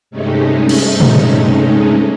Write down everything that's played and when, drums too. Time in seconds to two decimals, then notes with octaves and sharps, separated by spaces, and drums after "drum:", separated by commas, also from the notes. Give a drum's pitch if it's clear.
0.11 G2 C3 G#3 A3 C#4 D#4
0.69 drum: cymbal
1.00 drum: tom